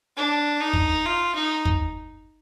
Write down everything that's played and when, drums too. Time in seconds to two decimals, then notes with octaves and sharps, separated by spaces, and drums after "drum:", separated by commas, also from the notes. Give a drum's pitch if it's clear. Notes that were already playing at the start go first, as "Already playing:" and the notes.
0.17 D4
0.60 D#4
0.73 drum: kick
1.05 F4
1.35 D#4
1.65 drum: kick